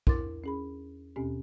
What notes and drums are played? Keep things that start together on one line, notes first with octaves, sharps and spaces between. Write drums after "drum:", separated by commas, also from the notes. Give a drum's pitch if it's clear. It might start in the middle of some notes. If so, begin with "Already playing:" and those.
E2 E4 A#4 C6 D6 A6, drum: kick
C#4 G#4 B5
D#2 B2 C4 C#4 G4 G#5